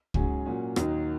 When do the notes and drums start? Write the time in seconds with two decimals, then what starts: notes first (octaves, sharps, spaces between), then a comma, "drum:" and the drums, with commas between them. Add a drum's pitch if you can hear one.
0.14 G#2 F#3 C#4 G#4, drum: kick
0.46 A#2 F#3 A#3 C#4
0.76 D#2 D#3 F#3 D#4 F#4, drum: rim click